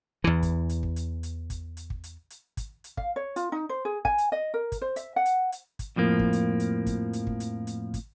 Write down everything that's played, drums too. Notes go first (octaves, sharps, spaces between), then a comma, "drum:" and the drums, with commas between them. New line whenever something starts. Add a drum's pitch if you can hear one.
E2 E3
drum: kick, hi-hat
drum: hi-hat
drum: kick
drum: hi-hat
drum: hi-hat
drum: kick, hi-hat
drum: hi-hat
drum: kick
drum: hi-hat
drum: hi-hat
drum: kick, hi-hat
drum: hi-hat
F5, drum: kick
C#5
F4, drum: hi-hat
D#4
C5
G#4
G#5, drum: kick
drum: hi-hat
D#5
A#4
drum: kick, hi-hat
C5
E5, drum: hi-hat
F#5
drum: hi-hat
drum: hi-hat
drum: kick, hi-hat
F2 A2 F3 A#3
drum: kick
drum: hi-hat
drum: hi-hat
drum: kick, hi-hat
drum: hi-hat
drum: kick
drum: hi-hat
drum: hi-hat
drum: kick, hi-hat